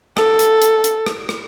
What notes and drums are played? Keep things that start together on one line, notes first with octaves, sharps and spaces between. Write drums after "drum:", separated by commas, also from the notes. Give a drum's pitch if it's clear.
A4, drum: rim click
drum: hi-hat
drum: hi-hat
drum: hi-hat
drum: rim click
drum: rim click